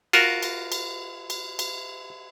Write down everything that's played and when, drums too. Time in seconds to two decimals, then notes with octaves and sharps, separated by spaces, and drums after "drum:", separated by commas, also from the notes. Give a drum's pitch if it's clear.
0.13 F4 F#4 A#4, drum: cymbal
0.43 drum: cymbal
0.72 drum: cymbal
1.30 drum: cymbal
1.59 drum: cymbal